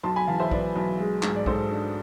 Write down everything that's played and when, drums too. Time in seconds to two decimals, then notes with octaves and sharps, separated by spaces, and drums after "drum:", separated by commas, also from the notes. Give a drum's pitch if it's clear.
0.03 B1 A5 C6
0.16 G#5 B5
0.27 E3 F5 A5
0.40 C5 E5
0.51 B1 B4 D5, drum: kick A#1
0.76 B1
0.99 G#3
1.23 G#2, drum: clap
1.36 D5
1.46 G#2 A4 C5, drum: kick A#1
1.71 D4